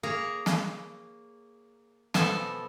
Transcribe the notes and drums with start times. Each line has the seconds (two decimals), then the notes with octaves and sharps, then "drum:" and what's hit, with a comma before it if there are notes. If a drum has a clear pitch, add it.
0.03 A#3 G#4 C#5 A#5
0.46 drum: snare
2.14 B2 F3 A4 G#5 A5, drum: snare